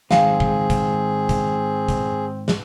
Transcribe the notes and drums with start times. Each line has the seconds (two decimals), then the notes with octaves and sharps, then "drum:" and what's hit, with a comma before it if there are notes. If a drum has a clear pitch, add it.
0.11 G#2 D#3 C4 G#4 F5, drum: snare
0.40 drum: kick
0.70 drum: kick, hi-hat
1.29 drum: kick, hi-hat
1.89 drum: kick, hi-hat
2.48 drum: snare